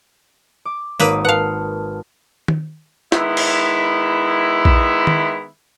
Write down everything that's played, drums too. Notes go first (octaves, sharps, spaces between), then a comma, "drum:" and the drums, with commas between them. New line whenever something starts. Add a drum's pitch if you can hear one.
D6
G#1 A#3 B4 C#5 D#6 D7, drum: tambourine
B4 F5 F#5 A5 F6
drum: tom D#3
D#3 G#3 B3 E4, drum: snare
drum: cymbal
drum: kick A#1
drum: tom D#3